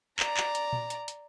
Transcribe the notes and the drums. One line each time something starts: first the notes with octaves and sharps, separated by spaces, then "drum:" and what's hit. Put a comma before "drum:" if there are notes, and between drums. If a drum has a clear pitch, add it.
D5 A#5, drum: clap
drum: clap
drum: hi-hat
drum: tom A#2
drum: hi-hat
drum: hi-hat